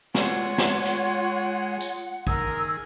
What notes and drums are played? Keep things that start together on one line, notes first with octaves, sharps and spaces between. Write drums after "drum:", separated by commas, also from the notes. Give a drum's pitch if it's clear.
G#3 F4 C#5 F#5, drum: snare
drum: snare
drum: hi-hat
drum: tambourine
D#3 G#4 A#4 E6, drum: kick A#1